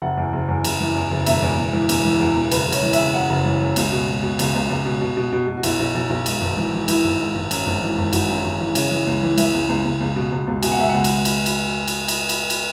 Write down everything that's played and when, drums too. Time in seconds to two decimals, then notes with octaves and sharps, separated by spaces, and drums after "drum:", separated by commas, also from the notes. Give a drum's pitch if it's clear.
0.02 F#1 F#5
0.17 E2
0.33 F#1
0.49 E2
0.64 F#1, drum: cymbal
0.80 E3
0.95 E2
1.11 F#1
1.26 E1 E5, drum: cymbal
1.42 E2
1.58 E1
1.73 E3
1.89 E1, drum: cymbal
2.05 E3
2.20 E2
2.36 E1
2.51 F#1 B4, drum: cymbal
2.67 F#1
2.72 C#5, drum: cymbal
2.82 E3
2.93 E5, drum: cymbal
2.99 C#3
3.14 F#2 F#5
3.30 F#1
3.45 E3
3.61 F#2
3.76 C#2, drum: cymbal
3.92 B2
4.08 B2
4.23 B2
4.39 C#2, drum: cymbal
4.55 C#2
4.70 C#2
4.85 B2
5.01 B2
5.17 B2
5.32 B2
5.48 B2
5.57 F#4
5.63 B1 E4, drum: cymbal
5.79 B1
5.95 B1
6.10 B1
6.26 G#2, drum: cymbal
6.41 G#1
6.57 E3
6.72 E3
6.88 E3 E4, drum: cymbal
7.04 G#1
7.19 G#2
7.35 G#1
7.51 F#2, drum: cymbal
7.66 G#1
7.82 E3
7.98 G#1
8.13 G#1 F#4, drum: cymbal
8.29 F#2
8.44 G#1
8.60 E3
8.75 C#3, drum: cymbal
8.91 E3
9.07 C#2
9.23 E3
9.38 E3 E5, drum: cymbal
9.53 C#2
9.69 C#2
9.85 C#2
10.00 C#2
10.16 B2
10.32 C#2
10.47 C#2
10.63 B2 G#5, drum: cymbal
10.72 F#5
10.78 C#2 E5
10.89 C#2 F#5
11.04 drum: cymbal
11.25 drum: cymbal
11.46 drum: cymbal
11.88 drum: cymbal
12.08 drum: cymbal
12.29 drum: cymbal
12.50 drum: cymbal